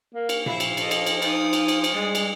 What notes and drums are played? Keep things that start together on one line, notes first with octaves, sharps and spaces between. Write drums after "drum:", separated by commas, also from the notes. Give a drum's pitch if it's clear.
A#3
drum: cymbal
F3 E4 E5 F5, drum: tom A#2
drum: cymbal
A4 D#5, drum: cymbal
drum: cymbal
drum: cymbal
D#4 F4 D#6, drum: cymbal
drum: cymbal
drum: cymbal
drum: cymbal
G3 G#3
drum: cymbal